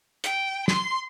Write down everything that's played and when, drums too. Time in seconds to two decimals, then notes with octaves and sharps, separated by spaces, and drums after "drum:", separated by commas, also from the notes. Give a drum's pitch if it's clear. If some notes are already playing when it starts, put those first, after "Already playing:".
0.24 G5, drum: hi-hat
0.68 C6, drum: snare